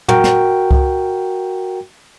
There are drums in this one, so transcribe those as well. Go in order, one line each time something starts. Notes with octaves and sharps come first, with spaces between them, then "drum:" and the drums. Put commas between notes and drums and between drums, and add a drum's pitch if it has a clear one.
F#4 A#4 G5, drum: tom
drum: snare
drum: kick C2